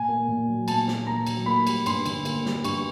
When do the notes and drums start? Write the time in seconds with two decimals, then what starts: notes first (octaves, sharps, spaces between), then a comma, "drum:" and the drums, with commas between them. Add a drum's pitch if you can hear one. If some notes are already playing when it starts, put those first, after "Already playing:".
Already playing: A#2 G#5
0.09 A#3
0.28 A#2
0.48 F#3
0.68 A#2 A5, drum: cymbal
0.88 A#3, drum: snare
1.07 A#2 A#5
1.27 F#3, drum: cymbal
1.46 A#3 B5
1.67 G3, drum: cymbal
1.86 G2 C6, drum: cymbal
2.06 D3, drum: cymbal
2.25 A#3, drum: cymbal
2.46 G3, drum: snare
2.64 G2 C#6, drum: cymbal